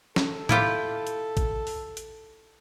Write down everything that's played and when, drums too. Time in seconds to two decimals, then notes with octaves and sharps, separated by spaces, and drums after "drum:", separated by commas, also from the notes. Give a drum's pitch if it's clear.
0.16 A4, drum: snare
0.49 E4 F4 G4, drum: tom A2
1.07 drum: hi-hat
1.37 drum: kick, hi-hat
1.67 drum: open hi-hat
1.97 drum: hi-hat